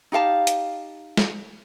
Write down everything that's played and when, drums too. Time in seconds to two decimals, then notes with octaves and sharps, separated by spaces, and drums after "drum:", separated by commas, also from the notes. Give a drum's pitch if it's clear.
0.12 D#4 G4 F5 A5
0.47 drum: hi-hat
1.17 drum: snare